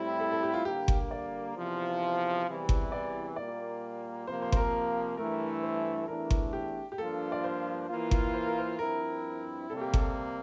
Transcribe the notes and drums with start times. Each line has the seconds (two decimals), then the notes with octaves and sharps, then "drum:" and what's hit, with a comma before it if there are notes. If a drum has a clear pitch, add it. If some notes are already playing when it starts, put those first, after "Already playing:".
Already playing: A2 G3 C4 E4
0.20 A4
0.31 A4
0.43 G4
0.54 F4
0.65 D3 G3 A#3 G4
0.88 drum: kick G1
1.11 D5
1.55 E2 C3 F3
2.46 E2 C3 E3 G3
2.69 drum: kick G1
2.92 D5
3.36 A#2 G3 A#3 D5
4.27 C3 F3 A#3 C5
4.42 C5
4.52 C5, drum: kick G1
4.57 A#4
5.17 G2 E3 A3 A#4
5.63 C5
6.08 E2 E3 A3 D4 A#4
6.30 drum: kick G1
6.53 G4
6.92 G4
6.98 G2 F3 A#3 D4 F4 A4
7.32 D5
7.44 C5
7.88 E3 A#3 F4
8.11 drum: kick G1
8.34 C5
8.47 A#4
8.59 C5
8.79 G2 F3 C4 E4 A#4
9.70 C3 G3 A#3 A4
9.81 G4
9.94 A4, drum: kick G1